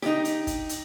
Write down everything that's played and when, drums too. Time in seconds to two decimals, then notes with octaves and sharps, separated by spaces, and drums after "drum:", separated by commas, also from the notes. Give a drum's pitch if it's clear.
0.02 D#4 G4, drum: snare
0.25 drum: hi-hat
0.47 drum: kick, hi-hat
0.69 drum: hi-hat